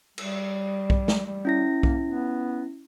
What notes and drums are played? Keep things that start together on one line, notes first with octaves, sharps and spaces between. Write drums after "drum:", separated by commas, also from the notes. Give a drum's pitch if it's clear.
G3, drum: cymbal
drum: kick B1
drum: snare
G3
C#4 E4 A#6
A#3, drum: kick B1
B3